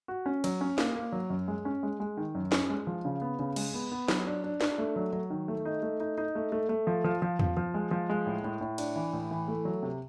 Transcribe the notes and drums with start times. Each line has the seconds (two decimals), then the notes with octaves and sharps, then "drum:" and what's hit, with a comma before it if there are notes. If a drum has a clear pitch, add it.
0.08 F#4
0.26 C#4
0.44 F#3, drum: cymbal
0.61 C#4
0.78 A#3, drum: snare
0.96 A#3
1.12 F#3
1.30 F#2
1.48 G#3
1.65 C#4
1.83 G#3
2.00 G#3
2.17 D#3
2.35 F#2
2.52 C#4, drum: snare
2.70 G#3
2.87 F3
3.05 C#3
3.22 B3
3.39 C#3
3.56 G#3, drum: cymbal
3.74 B3
3.92 B3
4.08 F#3, drum: snare
4.27 D4
4.44 D4
4.61 D4, drum: snare
4.78 A3
4.96 F#3
5.13 F#3
5.30 D#3
5.48 A3
5.65 D#4
5.83 A3
6.00 D#4
6.18 D#4
6.35 A3
6.52 A3
6.69 A3
6.87 F3
7.04 F3
7.22 F3
7.39 F3, drum: tom E2
7.57 F3
7.74 G#3
7.91 F3
8.09 G#3
8.26 A2
8.44 A2
8.61 A2
8.78 D4, drum: cymbal
8.96 E3
9.13 A2
9.31 E3
9.48 A3
9.65 F#3
9.83 C3